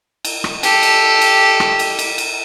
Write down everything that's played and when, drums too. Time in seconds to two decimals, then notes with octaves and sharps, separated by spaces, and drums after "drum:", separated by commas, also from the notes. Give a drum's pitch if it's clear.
0.25 drum: cymbal
0.44 drum: rim click
0.63 G4 A4, drum: cymbal
0.83 drum: cymbal
1.21 drum: cymbal
1.60 drum: rim click
1.79 drum: cymbal
1.99 drum: cymbal
2.18 drum: cymbal